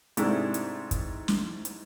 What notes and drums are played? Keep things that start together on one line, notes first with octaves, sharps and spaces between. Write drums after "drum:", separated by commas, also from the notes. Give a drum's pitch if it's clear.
G#2 C3 G#3 A3 D4 E4, drum: hi-hat
drum: hi-hat
drum: kick, hi-hat
drum: snare
drum: hi-hat